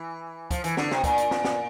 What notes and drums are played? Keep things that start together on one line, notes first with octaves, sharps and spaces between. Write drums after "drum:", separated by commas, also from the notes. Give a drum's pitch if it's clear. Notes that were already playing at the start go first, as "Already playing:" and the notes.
Already playing: E3
F3, drum: kick, hi-hat
E3, drum: hi-hat
D3, drum: snare
C3, drum: snare
A#2, drum: kick, hi-hat
drum: hi-hat
drum: snare
drum: snare